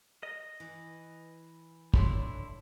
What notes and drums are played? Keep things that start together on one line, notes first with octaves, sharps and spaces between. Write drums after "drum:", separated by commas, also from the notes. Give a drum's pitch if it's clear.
D#5
E3
D3 E4 C#5 C6, drum: kick